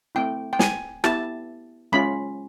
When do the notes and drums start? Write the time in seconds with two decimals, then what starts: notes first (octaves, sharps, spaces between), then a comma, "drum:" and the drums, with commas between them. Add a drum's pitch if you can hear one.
0.15 A3 C4 E4 G5
0.53 G5
0.59 G#5, drum: snare
1.04 B3 E4 G4 A5, drum: rim click
1.92 G#3 C#4 F4 B5